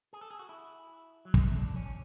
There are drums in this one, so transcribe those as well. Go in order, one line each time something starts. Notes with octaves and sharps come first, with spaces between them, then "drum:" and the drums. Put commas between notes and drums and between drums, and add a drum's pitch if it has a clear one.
G#4
A4
G#4
F#4
E4
F#3
G#3, drum: kick
A3
D4
C#4